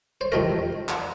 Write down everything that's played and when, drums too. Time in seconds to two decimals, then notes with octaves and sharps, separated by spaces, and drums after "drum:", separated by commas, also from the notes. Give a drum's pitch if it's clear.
0.21 C5
0.32 F2 C3 D#3 A3 A#4
0.89 drum: clap